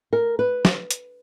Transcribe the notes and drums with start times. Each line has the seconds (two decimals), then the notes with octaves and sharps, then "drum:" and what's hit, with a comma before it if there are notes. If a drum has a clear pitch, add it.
0.13 A#4
0.39 B4
0.65 drum: snare
0.91 drum: hi-hat